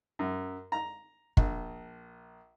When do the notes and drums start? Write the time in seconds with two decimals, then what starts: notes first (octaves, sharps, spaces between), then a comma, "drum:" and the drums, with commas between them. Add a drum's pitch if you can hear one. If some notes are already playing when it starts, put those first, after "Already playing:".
0.19 F#2
0.72 A#5
1.37 A#1, drum: kick